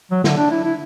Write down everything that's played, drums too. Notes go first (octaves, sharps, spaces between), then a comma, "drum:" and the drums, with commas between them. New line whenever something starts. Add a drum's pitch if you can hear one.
F#3
D3, drum: snare
D4
E4
E4